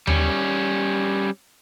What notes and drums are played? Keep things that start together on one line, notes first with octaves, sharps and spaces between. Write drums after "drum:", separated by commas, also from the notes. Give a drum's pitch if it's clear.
G3 C#4, drum: tom D#2